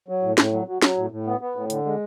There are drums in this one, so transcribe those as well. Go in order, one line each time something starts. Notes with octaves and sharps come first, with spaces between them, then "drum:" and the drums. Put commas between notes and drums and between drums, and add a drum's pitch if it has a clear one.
F#3
A2
A2, drum: snare
F#3
F#3
F#3, drum: snare
A2
A2
B3
B3
A2
D3, drum: hi-hat
G#3